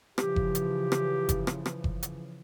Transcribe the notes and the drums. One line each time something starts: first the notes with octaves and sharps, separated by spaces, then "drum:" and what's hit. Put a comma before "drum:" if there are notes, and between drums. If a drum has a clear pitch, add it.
C#3 E3 F3 G4, drum: rim click
drum: kick F#1
drum: hi-hat
drum: rim click
drum: kick F#1, hi-hat
drum: rim click
drum: rim click
drum: kick F#1
drum: hi-hat